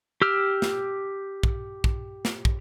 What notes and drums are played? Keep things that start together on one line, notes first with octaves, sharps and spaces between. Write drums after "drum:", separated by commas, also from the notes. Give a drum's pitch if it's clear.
G4 E6 F6
drum: snare
drum: kick
drum: kick
drum: snare
drum: kick